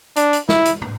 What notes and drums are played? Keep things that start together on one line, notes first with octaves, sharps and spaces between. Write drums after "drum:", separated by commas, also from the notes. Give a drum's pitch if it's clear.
D4, drum: hi-hat
drum: hi-hat
E4, drum: snare
drum: hi-hat
drum: tom